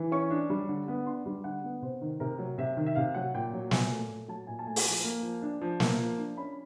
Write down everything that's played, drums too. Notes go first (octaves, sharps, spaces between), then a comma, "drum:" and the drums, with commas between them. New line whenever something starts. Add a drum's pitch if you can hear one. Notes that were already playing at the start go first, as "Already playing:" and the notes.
Already playing: E3
C#4 C#6
D4
G3
D3
B3
D4 C6
G3
D3 F#5
B3
C3 C5
D#3
C3 A#4
F#3
C3 E5
D#3
E5
C3 F5
F#3 F#5
A#2 G5
F#3
A#2 G#5, drum: snare
A3
A#2
F#3 A5
A#2 G#5
A5
A3 G#5
drum: open hi-hat
F3
A#3
F3
D4
F3
A#3, drum: snare
F3
D4
C#4 B5